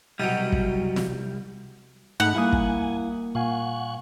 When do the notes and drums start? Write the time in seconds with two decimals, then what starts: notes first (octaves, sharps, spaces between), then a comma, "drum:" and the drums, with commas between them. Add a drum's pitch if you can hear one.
0.19 C2 B2 F#3 G3 D#4
0.52 drum: kick
0.96 drum: snare
2.20 G#2 A3 D#4 F#5 B5
2.35 G3 A#3 E4 F5 G#5 D#6
2.53 drum: kick
3.35 A#2 F5 F#5 G#5 C#6